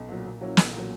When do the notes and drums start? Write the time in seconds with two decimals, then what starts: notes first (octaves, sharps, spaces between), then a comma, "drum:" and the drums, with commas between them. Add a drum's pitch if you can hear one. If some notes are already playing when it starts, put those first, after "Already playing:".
Already playing: B1
0.09 A#2 F#3
0.25 A#2
0.41 F#3 A#3 C#4 E4
0.57 B1, drum: snare
0.73 A#2 F#3